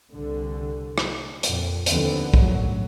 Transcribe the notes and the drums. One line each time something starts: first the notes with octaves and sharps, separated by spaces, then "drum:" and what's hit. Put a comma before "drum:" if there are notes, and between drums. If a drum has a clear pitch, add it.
C2 D3
drum: rim click
F2 A#2, drum: hi-hat
D#2 D3 E3 F3 B3 C4, drum: hi-hat
G1 F#2 A2 F#3, drum: kick